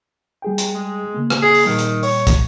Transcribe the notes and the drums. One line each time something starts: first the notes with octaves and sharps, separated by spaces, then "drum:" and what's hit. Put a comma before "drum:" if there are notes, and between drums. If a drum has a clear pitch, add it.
G3 G#4 G5
drum: hi-hat
G#3
C#3 A#3
drum: rim click
G#4
drum: open hi-hat
A#2 D#3 G3
drum: hi-hat
C#5, drum: open hi-hat
drum: kick, hi-hat